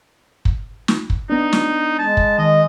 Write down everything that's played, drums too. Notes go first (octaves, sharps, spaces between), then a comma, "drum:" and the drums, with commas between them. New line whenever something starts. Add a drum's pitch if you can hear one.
drum: kick
drum: snare
drum: kick
B3 D4 D#4
drum: snare
G#3 A5
drum: kick
D#3 D#5